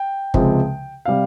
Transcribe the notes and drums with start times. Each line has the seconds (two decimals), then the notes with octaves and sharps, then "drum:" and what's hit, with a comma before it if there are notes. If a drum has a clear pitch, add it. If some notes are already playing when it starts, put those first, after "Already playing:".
Already playing: G5
0.34 C#2 C3 F3 G#3, drum: kick G1
1.05 C3 G3 F5